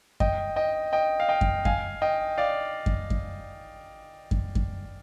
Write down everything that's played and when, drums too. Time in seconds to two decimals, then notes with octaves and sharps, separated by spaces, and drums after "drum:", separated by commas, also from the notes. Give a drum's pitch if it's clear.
0.20 D#5 G5, drum: kick F#2
0.56 D#5 G5
0.93 D#5 G5
1.20 F5
1.29 D#5 G5
1.41 drum: kick F#2
1.65 F5 G#5, drum: kick F#2
2.02 D#5 G5
2.38 D5 F5
2.86 drum: kick F#2
3.10 drum: kick F#2
4.31 drum: kick F#2
4.55 drum: kick F#2